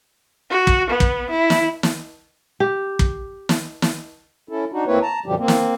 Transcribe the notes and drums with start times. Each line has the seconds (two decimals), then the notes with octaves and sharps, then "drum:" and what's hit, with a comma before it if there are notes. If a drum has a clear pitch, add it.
0.50 F#4
0.67 drum: kick
0.90 B3
1.00 drum: kick
1.30 E4
1.50 drum: snare
1.83 drum: snare
2.60 G4
2.99 drum: kick
3.49 drum: snare
3.82 drum: snare
4.49 C#4 E4 A4
4.72 D4 D#4 F#4
4.87 D2 A#3 C4 E4 B4 C#5
5.02 A5 A#5
5.26 F#2 B2 D3 F3 G3 G4
5.38 A#3 C4
5.48 drum: snare